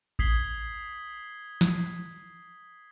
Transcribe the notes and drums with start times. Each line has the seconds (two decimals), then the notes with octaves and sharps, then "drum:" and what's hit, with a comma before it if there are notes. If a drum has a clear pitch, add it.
0.19 D#6 G#6 B6 C7 F#7 G7, drum: kick A1
1.61 drum: snare